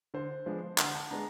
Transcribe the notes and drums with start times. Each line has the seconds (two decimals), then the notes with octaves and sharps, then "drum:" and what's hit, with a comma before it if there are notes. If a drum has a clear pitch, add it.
0.14 D3 C5
0.46 F3 G#3 B3 D4
0.78 D3 F#5, drum: clap
0.94 A5
1.11 G#3 B3 D4 A#5